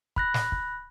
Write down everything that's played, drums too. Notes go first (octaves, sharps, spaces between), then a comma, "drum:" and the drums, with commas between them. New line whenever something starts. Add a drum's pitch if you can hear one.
B5 F#6 A#6, drum: kick
drum: snare
drum: kick